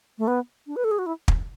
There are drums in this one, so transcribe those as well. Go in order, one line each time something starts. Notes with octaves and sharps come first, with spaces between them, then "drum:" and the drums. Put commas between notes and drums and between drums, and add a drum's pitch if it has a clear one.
A3
B3
D4
B4
A4
G#4
F#4
E4
drum: kick